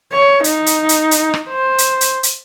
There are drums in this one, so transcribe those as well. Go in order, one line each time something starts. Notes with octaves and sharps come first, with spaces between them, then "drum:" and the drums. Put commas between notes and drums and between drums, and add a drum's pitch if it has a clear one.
C#5
D#4, drum: hi-hat
drum: hi-hat
drum: hi-hat
drum: hi-hat
drum: rim click
C5
drum: hi-hat
drum: hi-hat
drum: hi-hat